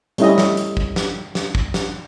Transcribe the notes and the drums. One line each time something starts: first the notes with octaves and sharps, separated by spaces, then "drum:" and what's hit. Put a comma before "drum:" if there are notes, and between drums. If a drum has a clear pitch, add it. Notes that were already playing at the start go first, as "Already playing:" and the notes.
G3 A3 C#4 E4 D#5, drum: hi-hat
drum: snare
drum: hi-hat
drum: kick
drum: snare
drum: snare
drum: kick
drum: snare